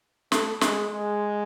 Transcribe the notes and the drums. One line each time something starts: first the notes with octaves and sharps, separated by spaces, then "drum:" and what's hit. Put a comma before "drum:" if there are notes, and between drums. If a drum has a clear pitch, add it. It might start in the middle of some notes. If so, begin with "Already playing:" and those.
A3, drum: snare
G#3, drum: snare
G#3